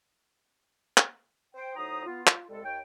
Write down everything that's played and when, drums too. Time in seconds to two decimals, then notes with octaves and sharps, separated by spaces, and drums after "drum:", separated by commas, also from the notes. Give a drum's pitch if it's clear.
0.97 drum: clap
1.55 C5 G5
1.76 A2 F#3 D#4 C5 A#5 D#6
2.06 B3 F4
2.27 F4, drum: clap
2.49 C2 G3 G#3 A4
2.64 D#2 C#5 G5